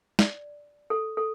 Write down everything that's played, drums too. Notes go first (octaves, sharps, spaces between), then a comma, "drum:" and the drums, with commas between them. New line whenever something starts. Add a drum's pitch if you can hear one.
D5, drum: snare
A4
A4